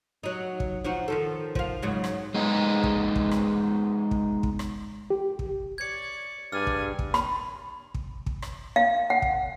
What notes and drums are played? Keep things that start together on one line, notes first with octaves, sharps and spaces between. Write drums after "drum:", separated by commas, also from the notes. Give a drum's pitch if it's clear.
F#3 D#4
drum: kick
F3 D#4 F#4
D#3 F3 A4
F3 F5, drum: kick
G#2 C#3 F#3
drum: rim click
G#3 B3 D#4
drum: kick
drum: kick
drum: rim click
drum: kick
drum: kick
drum: rim click
G4
drum: kick
C#5 D5 G#6 C#7
G2 G#4 D5 G#5 F6
drum: kick
drum: kick
B5, drum: rim click
drum: kick
drum: kick
drum: rim click
F5
F#5
drum: kick